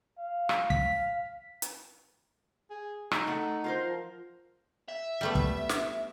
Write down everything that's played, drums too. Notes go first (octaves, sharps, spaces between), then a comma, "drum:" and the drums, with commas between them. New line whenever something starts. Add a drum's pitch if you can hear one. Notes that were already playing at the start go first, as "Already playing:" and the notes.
F5
drum: rim click
B6, drum: kick
drum: hi-hat
G#4
D#4, drum: rim click
A3 A4 F#5
F4 A#4 C5
F3
E5
G3 A3 B3
drum: kick
drum: snare